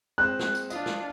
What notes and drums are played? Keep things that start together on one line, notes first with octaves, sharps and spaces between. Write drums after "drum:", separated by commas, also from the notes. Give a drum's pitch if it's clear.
G#3 C4 C5 F#6
drum: snare
drum: tambourine
D4 F4 D#5, drum: tambourine
drum: snare